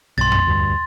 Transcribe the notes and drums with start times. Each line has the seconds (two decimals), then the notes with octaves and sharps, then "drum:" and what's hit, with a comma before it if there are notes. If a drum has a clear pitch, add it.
0.18 B1 G2 C6 A6
0.32 drum: tom
0.47 D2 G2